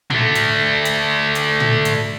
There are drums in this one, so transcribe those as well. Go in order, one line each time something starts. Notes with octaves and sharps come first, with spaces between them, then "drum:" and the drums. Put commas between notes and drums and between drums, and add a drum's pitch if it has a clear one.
D3 A3, drum: tom
drum: hi-hat
drum: hi-hat
drum: hi-hat
drum: tom
drum: hi-hat